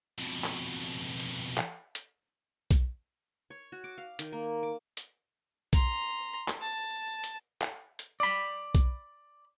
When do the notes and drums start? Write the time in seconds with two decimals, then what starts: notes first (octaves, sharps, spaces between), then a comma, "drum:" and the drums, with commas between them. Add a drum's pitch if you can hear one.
0.18 F2 B2
0.44 drum: clap
1.20 drum: hi-hat
1.57 drum: clap
1.95 drum: hi-hat
2.71 drum: kick B1, hi-hat
3.50 C#5
3.72 F#4
3.84 D6
3.98 F5
4.19 D#3, drum: hi-hat
4.33 A#3
4.63 D6
4.97 drum: hi-hat
5.73 A#5 C6, drum: kick B1, hi-hat
6.48 drum: clap
6.60 A5
7.24 drum: hi-hat
7.61 drum: clap
7.99 drum: hi-hat
8.20 D5 B5
8.75 drum: kick B1, hi-hat